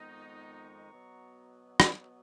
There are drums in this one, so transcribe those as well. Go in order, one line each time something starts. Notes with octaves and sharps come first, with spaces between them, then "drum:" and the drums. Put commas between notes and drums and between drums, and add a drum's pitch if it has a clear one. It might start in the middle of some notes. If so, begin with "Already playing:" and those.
Already playing: F2 D#3 G#3 B3 D#4
A#5 C#6
B2 F#3 B3
drum: rim click